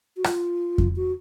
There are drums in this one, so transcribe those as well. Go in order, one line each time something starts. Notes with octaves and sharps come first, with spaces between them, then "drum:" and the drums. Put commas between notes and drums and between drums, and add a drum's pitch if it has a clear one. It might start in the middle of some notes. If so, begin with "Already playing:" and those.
F#4
F4, drum: rim click
drum: kick F2
F#4